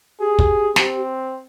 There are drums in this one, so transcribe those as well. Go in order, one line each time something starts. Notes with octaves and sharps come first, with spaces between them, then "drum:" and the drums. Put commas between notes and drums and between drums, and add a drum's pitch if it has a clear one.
G4 G#4
drum: kick
C4, drum: snare